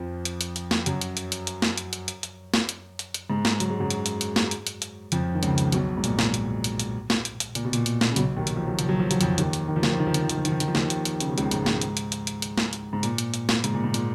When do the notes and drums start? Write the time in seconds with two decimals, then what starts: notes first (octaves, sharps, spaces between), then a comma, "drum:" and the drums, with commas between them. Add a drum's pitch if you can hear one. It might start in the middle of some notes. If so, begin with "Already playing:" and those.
Already playing: F2 F3
0.25 drum: hi-hat
0.41 drum: hi-hat
0.56 drum: hi-hat
0.71 drum: snare
0.86 F#2 F#3, drum: hi-hat
1.01 drum: hi-hat
1.17 drum: hi-hat
1.32 drum: hi-hat
1.47 drum: hi-hat
1.62 drum: snare
1.78 drum: hi-hat
1.93 drum: hi-hat
2.08 drum: hi-hat
2.23 drum: hi-hat
2.54 drum: snare
2.69 drum: hi-hat
2.99 drum: hi-hat
3.14 drum: hi-hat
3.30 G#2 G#3
3.45 drum: snare
3.60 F#3, drum: hi-hat
3.70 G#3
3.80 F#2 F#3
3.90 drum: hi-hat
4.06 drum: hi-hat
4.21 drum: hi-hat
4.36 drum: snare
4.51 drum: hi-hat
4.67 drum: hi-hat
4.82 drum: hi-hat
5.12 F2 F3, drum: hi-hat
5.34 D#3
5.43 C#2 C#3, drum: hi-hat
5.58 drum: hi-hat
5.72 B1 B2, drum: hi-hat
5.97 G#2
6.04 A#2, drum: hi-hat
6.19 drum: snare
6.34 drum: hi-hat
6.64 drum: hi-hat
6.80 drum: hi-hat
7.10 drum: snare
7.25 drum: hi-hat
7.40 drum: hi-hat
7.55 A#2, drum: hi-hat
7.65 B2
7.73 A#2, drum: hi-hat
7.86 drum: hi-hat
8.01 drum: snare
8.12 C#3
8.16 B1 B2, drum: hi-hat
8.37 D#2 D#3
8.47 drum: hi-hat
8.56 F3
8.67 F#3
8.79 F3, drum: hi-hat
8.89 F#3
8.99 F3
9.11 F#3, drum: hi-hat
9.21 F2 F3, drum: hi-hat
9.38 D#2 D#3, drum: hi-hat
9.53 drum: hi-hat
9.68 D#3
9.76 F3
9.83 D#3, drum: snare
9.92 F3
9.99 D#3
10.07 F3
10.14 D#3, drum: hi-hat
10.22 F3
10.29 D#3, drum: hi-hat
10.37 F3
10.45 D#3, drum: hi-hat
10.52 F3
10.60 D#3, drum: hi-hat
10.68 F3
10.75 D#2 D#3, drum: snare
10.90 drum: hi-hat
11.05 drum: hi-hat
11.20 C#3, drum: hi-hat
11.29 B2
11.38 C#2 C#3, drum: hi-hat
11.51 G#2, drum: hi-hat
11.66 drum: snare
11.81 drum: hi-hat
11.97 drum: hi-hat
12.12 drum: hi-hat
12.27 drum: hi-hat
12.42 drum: hi-hat
12.58 drum: snare
12.73 drum: hi-hat
12.93 G#2
13.03 A#2, drum: hi-hat
13.18 drum: hi-hat
13.34 drum: hi-hat
13.49 drum: snare
13.64 G#2, drum: hi-hat
13.74 A#2
13.84 G#2
13.94 A#2, drum: hi-hat